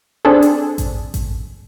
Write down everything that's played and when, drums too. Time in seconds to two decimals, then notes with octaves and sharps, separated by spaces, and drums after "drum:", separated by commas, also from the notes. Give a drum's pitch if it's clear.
0.25 C4 D4 G#4 A4
0.42 drum: hi-hat
0.78 drum: kick A1, hi-hat
1.14 drum: kick A1, hi-hat